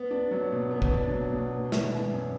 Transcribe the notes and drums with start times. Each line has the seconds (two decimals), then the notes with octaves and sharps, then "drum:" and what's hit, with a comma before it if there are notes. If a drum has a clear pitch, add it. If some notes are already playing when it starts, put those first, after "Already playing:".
Already playing: B3
0.11 D4
0.31 F#3
0.52 B2
0.71 B3
0.82 drum: kick
0.91 D4
1.11 F#3
1.32 B2
1.53 B3
1.72 D4, drum: snare
1.93 E3
2.12 F#2